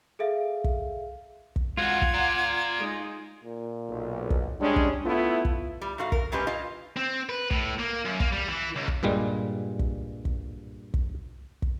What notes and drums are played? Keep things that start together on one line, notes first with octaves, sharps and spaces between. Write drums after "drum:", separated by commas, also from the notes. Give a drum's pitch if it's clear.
G#4 A4 E5 F5
drum: kick
drum: kick
G#2 F4 F#4 F#5 G#6
drum: kick
D5 A#5
G#3 D#4
A#2
B1
drum: kick
G3 G#3 C#4 D4
drum: kick
A3 B3 E4 F4
drum: kick
G3
G#2 A3 F#4 F5
A#4, drum: kick
A#2 G3 G#3 C#4 G4 B4
E4 F4 D#5 F5
C4
B4
A2, drum: kick
A#3
F#2
A#3, drum: kick
G3
E3
C#2
drum: kick
G2 A#2 G3 G#3
drum: kick
drum: kick
drum: kick
drum: kick